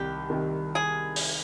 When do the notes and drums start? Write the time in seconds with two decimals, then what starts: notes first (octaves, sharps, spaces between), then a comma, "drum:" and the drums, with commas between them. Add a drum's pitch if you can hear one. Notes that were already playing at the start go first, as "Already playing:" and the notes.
Already playing: C2 D#3 G4
0.30 C3 D#3
0.75 G#4
1.16 drum: open hi-hat